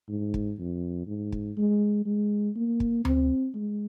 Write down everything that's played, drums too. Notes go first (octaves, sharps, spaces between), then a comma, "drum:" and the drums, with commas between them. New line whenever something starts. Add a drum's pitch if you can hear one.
G#2
drum: kick
F2
G#2
drum: kick
G#3
G#3
A#3
drum: kick
C4, drum: tom D2
G#3